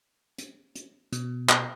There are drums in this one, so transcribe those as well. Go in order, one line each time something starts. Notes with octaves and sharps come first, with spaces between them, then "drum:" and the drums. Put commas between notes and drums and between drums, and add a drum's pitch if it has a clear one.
drum: hi-hat
drum: hi-hat
B2, drum: hi-hat
drum: clap